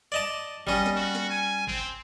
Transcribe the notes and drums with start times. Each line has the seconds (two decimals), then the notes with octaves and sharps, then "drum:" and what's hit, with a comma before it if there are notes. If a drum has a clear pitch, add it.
0.12 D5 D#5 A5
0.67 G3 C#4 D#5, drum: kick
0.86 drum: snare
0.96 F#4
1.15 drum: snare
1.30 G#5
1.67 C4, drum: kick